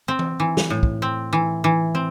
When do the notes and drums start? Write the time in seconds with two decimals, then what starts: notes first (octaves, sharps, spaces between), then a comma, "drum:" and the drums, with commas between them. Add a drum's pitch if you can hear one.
0.08 C4
0.19 drum: tom E3
0.40 E3
0.57 drum: snare
0.70 A2
0.83 drum: kick
1.02 C4
1.33 E3
1.64 E3
1.95 C4